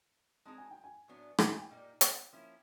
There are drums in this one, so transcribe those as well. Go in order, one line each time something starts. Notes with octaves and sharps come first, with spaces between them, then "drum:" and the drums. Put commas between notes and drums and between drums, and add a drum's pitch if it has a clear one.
G#3 C4 D#4 G#4 A5
G#5
G5
G#5
A2 F#3 B3 D4
G5, drum: rim click
G#5
G5
A#2 G3 A#3 D#4
G5, drum: hi-hat
F3 A#3 C#4 E4